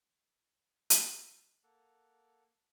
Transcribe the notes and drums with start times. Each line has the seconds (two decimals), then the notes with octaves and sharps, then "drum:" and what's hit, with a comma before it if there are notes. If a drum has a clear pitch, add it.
0.90 drum: hi-hat
1.63 A#3 A4 F#5